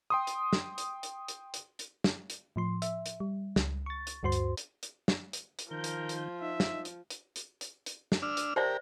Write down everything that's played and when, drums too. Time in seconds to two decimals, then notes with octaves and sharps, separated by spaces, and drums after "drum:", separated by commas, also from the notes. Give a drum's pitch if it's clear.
0.10 G5 C6 D#6
0.27 drum: hi-hat
0.53 drum: snare
0.78 drum: hi-hat
1.03 drum: hi-hat
1.28 drum: hi-hat
1.54 drum: hi-hat
1.79 drum: hi-hat
2.04 drum: snare
2.30 drum: hi-hat
2.56 A2 F3 C6
2.82 E5, drum: hi-hat
3.06 drum: hi-hat
3.20 G3
3.56 C#2, drum: snare
3.86 C#6 A6
4.07 drum: hi-hat
4.23 D2 G2 F#4 C5 C6
4.32 drum: hi-hat
4.57 drum: hi-hat
4.83 drum: hi-hat
5.08 drum: snare
5.33 drum: hi-hat
5.59 drum: hi-hat
5.71 D#3 F3 A#4 G6
5.84 drum: hi-hat
6.09 drum: hi-hat
6.42 D#4 E5
6.60 drum: snare
6.85 drum: hi-hat
7.10 drum: hi-hat
7.36 drum: hi-hat
7.61 drum: hi-hat
7.86 drum: hi-hat
8.12 drum: snare
8.22 D4 E6 F6
8.37 drum: hi-hat
8.56 G4 A#4 C5 D5 E5